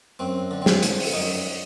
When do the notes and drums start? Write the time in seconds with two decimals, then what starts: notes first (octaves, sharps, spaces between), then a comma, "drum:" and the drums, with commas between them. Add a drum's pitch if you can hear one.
0.19 F#2 C4
0.51 D3
0.62 C4
0.66 C#4, drum: snare
0.82 F3, drum: hi-hat
1.00 drum: open hi-hat
1.13 F#2 D#4